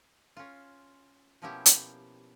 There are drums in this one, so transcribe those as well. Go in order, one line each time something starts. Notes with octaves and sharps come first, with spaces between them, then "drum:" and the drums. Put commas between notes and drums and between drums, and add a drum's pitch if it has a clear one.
C#4 F4
B2 F3 A#3 C#4 E4 G4
drum: hi-hat